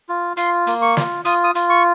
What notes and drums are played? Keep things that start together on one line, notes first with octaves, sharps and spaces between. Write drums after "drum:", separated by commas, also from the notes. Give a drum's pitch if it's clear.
F4
F4 C6, drum: hi-hat
A#3, drum: hi-hat
C#6
F4, drum: snare
F4 D#6, drum: hi-hat
D#6
F4, drum: hi-hat
C#6